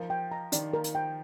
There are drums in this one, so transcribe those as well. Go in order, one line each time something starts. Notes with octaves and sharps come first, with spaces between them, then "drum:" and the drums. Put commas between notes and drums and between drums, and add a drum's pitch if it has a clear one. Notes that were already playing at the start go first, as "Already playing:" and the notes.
Already playing: F3 A#4
G5
A#5
D#3 D5, drum: hi-hat
A#4
drum: hi-hat
G5